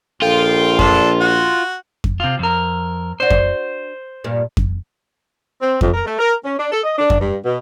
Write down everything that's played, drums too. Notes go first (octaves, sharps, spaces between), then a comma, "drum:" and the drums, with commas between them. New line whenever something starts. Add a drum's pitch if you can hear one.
A#1 F4 A4 G5
D4 A4 C6, drum: kick F2
F#4
drum: kick F2
C3 F4
F2 A#4
D4 F#4 C5
drum: kick F2
G2 A#2
drum: kick F2
C4
F2, drum: kick F2
A#4
A3
A#4
C#4
D4
A4
D#5
D4
drum: kick F2
G2
B2